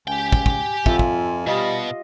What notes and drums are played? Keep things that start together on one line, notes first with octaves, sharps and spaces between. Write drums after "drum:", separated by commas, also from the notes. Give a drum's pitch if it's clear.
C#2 G4 G5 G#5
drum: kick
drum: kick
F2 F4 E5, drum: kick
drum: kick
B2 G3 G4 D#5 F5